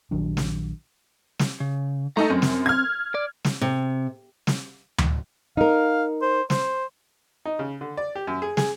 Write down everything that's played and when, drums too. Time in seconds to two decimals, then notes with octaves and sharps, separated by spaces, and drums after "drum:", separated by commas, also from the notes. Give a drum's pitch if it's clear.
0.11 A#1 D#3 F#3 D4
0.37 drum: snare
1.39 drum: snare
1.60 C#3
2.17 A3 D#4 A4 A#5
2.30 F#2 C4
2.42 drum: snare
2.66 F6 G#6
3.15 D5
3.45 drum: snare
3.61 C3
4.47 drum: snare
4.98 drum: tom D2
5.57 D#4 A#4 F5
6.22 C5
6.50 C5, drum: snare
7.45 D#4
7.59 C#3
7.81 D3
7.97 D5
8.15 G4
8.27 F#2
8.42 G#4
8.57 G#4, drum: snare